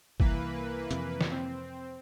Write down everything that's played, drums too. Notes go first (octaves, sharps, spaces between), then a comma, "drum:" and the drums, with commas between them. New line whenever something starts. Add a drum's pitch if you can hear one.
C2 E3 A#3 B4, drum: kick G1
F2 C3, drum: hi-hat
drum: snare
C4